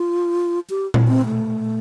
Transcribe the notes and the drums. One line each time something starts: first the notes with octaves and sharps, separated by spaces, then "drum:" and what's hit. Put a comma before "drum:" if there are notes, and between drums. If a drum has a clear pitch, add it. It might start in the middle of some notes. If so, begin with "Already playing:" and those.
Already playing: F4
G4
drum: tom A#2
C4
A3